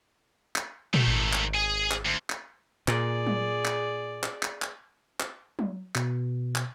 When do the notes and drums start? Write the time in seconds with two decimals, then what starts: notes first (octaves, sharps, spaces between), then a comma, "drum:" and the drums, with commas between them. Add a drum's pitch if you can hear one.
0.56 drum: clap
0.94 D#3 A3, drum: tom A#2
1.07 G#1
1.33 drum: clap
1.54 G#4 G#5
1.91 drum: clap
2.05 D2
2.30 drum: clap
2.88 A#2 G#4 D5, drum: clap
3.27 drum: tom F#3
3.65 drum: clap
4.23 drum: clap
4.43 drum: clap
4.62 drum: clap
5.20 drum: clap
5.59 drum: tom F#3
5.95 B2, drum: clap
6.55 drum: clap